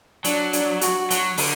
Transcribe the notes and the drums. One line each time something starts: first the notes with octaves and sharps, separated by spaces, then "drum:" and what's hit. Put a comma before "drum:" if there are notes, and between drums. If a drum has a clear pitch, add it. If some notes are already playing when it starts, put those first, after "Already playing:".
F#3 D4, drum: hi-hat
D4, drum: hi-hat
F#4, drum: hi-hat
F#3, drum: hi-hat
D3, drum: open hi-hat